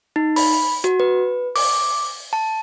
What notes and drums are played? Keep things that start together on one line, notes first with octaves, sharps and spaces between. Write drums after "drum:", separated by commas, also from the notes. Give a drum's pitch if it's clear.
D#4
B5, drum: open hi-hat
F#4, drum: hi-hat
B4
D6, drum: open hi-hat
A5